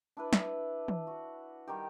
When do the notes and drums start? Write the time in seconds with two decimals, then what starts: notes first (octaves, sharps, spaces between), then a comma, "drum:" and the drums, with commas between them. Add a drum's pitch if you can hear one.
0.17 D4 E4 B4
0.33 drum: snare
0.88 drum: tom
1.07 F#4
1.68 D#3 G3 D#4 G4